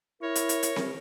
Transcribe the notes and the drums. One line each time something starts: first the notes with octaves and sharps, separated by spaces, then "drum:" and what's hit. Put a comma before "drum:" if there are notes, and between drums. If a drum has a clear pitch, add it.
E4 A#4 C#5
drum: hi-hat
drum: hi-hat
drum: hi-hat
drum: snare C4